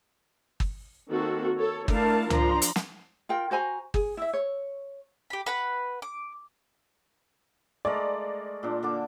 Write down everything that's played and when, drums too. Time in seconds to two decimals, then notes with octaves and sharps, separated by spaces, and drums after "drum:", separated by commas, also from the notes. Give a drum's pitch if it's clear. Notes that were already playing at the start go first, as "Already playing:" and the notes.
0.60 drum: kick G1
1.09 D#3 A#3 C4 F#4 A4
1.57 A4 C#5
1.88 A3 D4 E4 A#4 F5 A5, drum: kick G1
2.30 F3 D4 F4 A#5 C6, drum: tom
2.62 drum: hi-hat
2.76 drum: snare
3.29 F4 A#4 G5
3.51 F#4 C5 G#5 A#5
3.94 G#4, drum: kick G1
4.17 E4 E5
4.33 C#5
5.30 G4 B5
5.46 B4 F#5 B5
6.02 D6
7.85 G#3 A3 A#4 D5
8.63 A#2 D4
8.83 D3 A4 D6